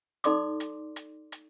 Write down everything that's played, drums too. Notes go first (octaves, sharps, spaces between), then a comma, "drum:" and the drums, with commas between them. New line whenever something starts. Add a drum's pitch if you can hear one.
D#4 A4 D5 C6 D6, drum: hi-hat
drum: hi-hat
drum: hi-hat
drum: hi-hat